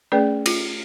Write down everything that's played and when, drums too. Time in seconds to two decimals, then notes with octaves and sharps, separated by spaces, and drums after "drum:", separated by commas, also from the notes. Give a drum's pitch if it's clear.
0.12 A3 C#4 G#4 B4 D5 G5
0.46 F4, drum: cymbal